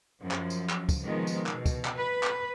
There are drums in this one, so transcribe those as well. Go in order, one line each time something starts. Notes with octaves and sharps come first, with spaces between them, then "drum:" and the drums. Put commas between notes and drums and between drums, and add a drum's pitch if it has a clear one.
F#2 F3
drum: clap
drum: tambourine
drum: clap
drum: kick, tambourine
C3 D#3 F3 G#3 B3
drum: tambourine
B2, drum: clap
drum: kick, tambourine
drum: clap
B4
drum: clap